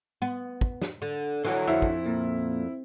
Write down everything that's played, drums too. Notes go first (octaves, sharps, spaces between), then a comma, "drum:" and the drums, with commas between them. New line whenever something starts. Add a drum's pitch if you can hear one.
B3
drum: kick
drum: snare
D3
D3 E3 F#4 C#5
F2 E4
drum: kick
A#2